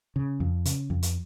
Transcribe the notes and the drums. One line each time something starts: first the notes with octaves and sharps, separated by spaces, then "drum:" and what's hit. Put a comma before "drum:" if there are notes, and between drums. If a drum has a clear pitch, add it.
C#3
F2
C#3, drum: hi-hat
F2
drum: hi-hat